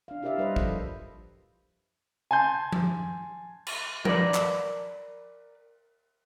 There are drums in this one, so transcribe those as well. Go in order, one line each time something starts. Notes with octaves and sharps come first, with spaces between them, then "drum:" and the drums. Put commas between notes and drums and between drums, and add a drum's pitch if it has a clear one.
D4 F5
E4 G4 A#4 D5 E5 F5
G3 B4 C5 D#5
F3 A4, drum: kick
G#5 A5 C6 G6
drum: tom F3
drum: cymbal
A#4 B4 D5, drum: tom F3
drum: clap